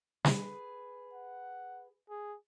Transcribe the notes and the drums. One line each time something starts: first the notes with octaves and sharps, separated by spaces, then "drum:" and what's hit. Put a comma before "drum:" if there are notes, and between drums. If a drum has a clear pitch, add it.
G#4 B4, drum: snare
F#5
G#4